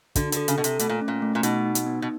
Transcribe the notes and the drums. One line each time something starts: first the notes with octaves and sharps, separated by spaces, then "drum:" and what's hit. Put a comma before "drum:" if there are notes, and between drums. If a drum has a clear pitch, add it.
D3 F#4, drum: kick, hi-hat
D3 A4, drum: hi-hat
C#3, drum: hi-hat
B2 A4
C3, drum: hi-hat
B2 A3, drum: hi-hat
A#2
C#4
A#2
A3
A#2
B2 D#4, drum: hi-hat
D#4
drum: hi-hat
B3
B2